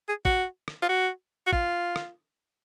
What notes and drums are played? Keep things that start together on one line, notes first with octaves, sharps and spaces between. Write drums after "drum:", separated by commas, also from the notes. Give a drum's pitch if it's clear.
G#4
F#4, drum: kick
drum: rim click
F4
F#4
F#4
F4, drum: kick
drum: rim click